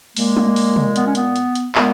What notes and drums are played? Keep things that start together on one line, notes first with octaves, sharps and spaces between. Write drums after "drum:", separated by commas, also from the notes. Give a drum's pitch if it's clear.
A#2 G#3 A#3, drum: open hi-hat
drum: tom G#3
drum: open hi-hat
drum: tom C3
B3, drum: hi-hat
C#4
B3, drum: hi-hat
drum: hi-hat
drum: hi-hat
A#2 G#3 B3, drum: clap